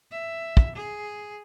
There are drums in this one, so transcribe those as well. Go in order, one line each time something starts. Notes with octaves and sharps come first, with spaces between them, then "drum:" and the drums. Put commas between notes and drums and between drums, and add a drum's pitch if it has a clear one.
E5
drum: kick
G#4